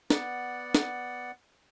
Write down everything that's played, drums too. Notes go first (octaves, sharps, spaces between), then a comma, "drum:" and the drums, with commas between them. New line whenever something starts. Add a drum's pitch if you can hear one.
B3 D5 F#5, drum: snare
drum: snare